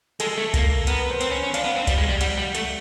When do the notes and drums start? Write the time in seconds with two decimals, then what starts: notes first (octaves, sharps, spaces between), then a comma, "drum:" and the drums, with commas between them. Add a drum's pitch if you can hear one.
0.20 G#3 A4, drum: cymbal
0.38 A3
0.54 A#3, drum: kick C2, cymbal
0.87 B3 A#4, drum: cymbal
0.99 B4
1.10 C5
1.21 C4, drum: cymbal
1.31 C#4
1.43 C#4
1.54 D4 F5, drum: cymbal
1.65 B3
1.76 C4
1.87 G3, drum: kick C2, cymbal
1.98 G#3
2.09 G3
2.21 G3 F#5, drum: cymbal
2.38 G3
2.55 A3, drum: cymbal